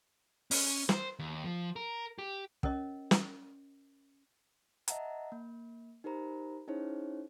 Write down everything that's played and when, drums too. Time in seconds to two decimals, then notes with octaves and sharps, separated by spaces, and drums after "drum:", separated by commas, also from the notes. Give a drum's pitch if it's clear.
0.51 C#4, drum: open hi-hat
0.89 C5, drum: snare
1.19 D#2
1.44 F3
1.76 A#4
2.18 G4
2.63 C#4 A#4 C#5 D#5, drum: kick
3.11 drum: snare
4.88 D#5 E5 F#5 A5 A#5, drum: hi-hat
5.32 A#3
6.04 D#4 G4 A#4 C5 A#5 B5
6.68 C#4 D#4 E4 G#4 C5 C#5